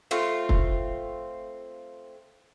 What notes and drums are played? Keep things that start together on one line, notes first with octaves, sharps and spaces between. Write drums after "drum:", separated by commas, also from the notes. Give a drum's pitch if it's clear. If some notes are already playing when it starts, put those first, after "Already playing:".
A3 C4 F4
drum: kick